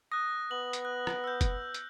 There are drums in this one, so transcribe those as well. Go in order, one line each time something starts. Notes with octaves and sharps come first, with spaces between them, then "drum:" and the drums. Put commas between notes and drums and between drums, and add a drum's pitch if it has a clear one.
D#6 F#6 A#6
B3 F#7
drum: hi-hat
F#6
drum: rim click
E6 G6
drum: kick, hi-hat
drum: hi-hat